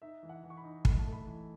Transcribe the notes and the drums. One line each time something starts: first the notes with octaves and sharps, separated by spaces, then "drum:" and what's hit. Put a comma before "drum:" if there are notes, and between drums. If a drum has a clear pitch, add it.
D#4 E5
E3
F#5
E3
C#6
B5
D#4
A3 B5, drum: kick
A5
A3
B5
E3